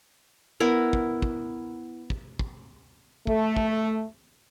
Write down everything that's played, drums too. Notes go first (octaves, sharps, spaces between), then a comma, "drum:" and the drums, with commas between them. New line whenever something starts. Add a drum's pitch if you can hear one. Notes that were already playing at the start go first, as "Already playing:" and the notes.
B3 E4 A#4
drum: kick
drum: kick
drum: kick
drum: kick
A3, drum: kick
drum: kick